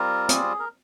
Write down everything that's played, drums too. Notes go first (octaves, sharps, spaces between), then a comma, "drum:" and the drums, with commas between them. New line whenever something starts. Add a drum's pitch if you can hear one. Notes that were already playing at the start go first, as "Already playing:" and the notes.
Already playing: G3 C4 F4 A#4
G#4, drum: hi-hat
A#4